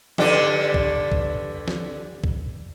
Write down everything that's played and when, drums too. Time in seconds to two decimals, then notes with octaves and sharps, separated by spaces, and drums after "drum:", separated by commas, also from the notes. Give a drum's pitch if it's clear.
0.18 G2 D3 D4, drum: snare
0.74 drum: kick B1
1.12 drum: kick B1
1.68 drum: snare
2.24 drum: kick B1